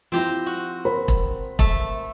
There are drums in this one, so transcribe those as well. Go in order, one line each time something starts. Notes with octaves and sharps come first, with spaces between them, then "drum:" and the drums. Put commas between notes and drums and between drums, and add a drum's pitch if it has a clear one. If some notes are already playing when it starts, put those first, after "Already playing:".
F3 C4 E4 G4 A#5
F#4
A#4 C5 B5
drum: kick E1
A3 E5, drum: kick E1